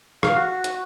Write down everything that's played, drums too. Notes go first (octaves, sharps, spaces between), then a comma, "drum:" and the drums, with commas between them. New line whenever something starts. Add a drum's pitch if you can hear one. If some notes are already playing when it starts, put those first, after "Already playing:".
F5, drum: rim click
F#4
drum: hi-hat